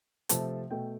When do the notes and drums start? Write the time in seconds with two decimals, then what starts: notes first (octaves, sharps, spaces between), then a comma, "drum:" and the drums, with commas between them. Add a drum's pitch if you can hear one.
0.29 C3 F3 A3 A5, drum: hi-hat
0.71 B2 A3 G5